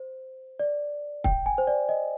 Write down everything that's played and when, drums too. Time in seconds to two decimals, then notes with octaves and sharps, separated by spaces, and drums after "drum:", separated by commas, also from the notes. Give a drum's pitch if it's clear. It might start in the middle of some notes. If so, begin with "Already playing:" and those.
Already playing: C5
0.59 D5
1.24 G5, drum: kick
1.46 G#5
1.58 C5
1.67 D5
1.89 D#5